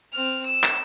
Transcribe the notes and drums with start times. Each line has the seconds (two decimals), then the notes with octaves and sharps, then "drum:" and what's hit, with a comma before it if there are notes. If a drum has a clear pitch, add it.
0.12 C4 F6
0.45 E6
0.63 drum: clap